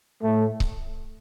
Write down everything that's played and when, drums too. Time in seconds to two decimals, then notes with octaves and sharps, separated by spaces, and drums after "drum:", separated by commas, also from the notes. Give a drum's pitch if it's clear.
0.23 A2 A3
0.60 drum: kick C#1